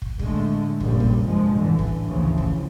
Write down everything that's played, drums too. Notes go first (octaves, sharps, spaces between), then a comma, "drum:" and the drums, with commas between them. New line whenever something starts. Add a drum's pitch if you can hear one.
drum: kick
A2 D3 G#3 A3, drum: kick
F1 A#1 F#2 A#2 G3, drum: kick
drum: kick
G2 F3 G#3
A1 D3 E3
drum: kick
A1 D2 C#3 E3 F3
drum: kick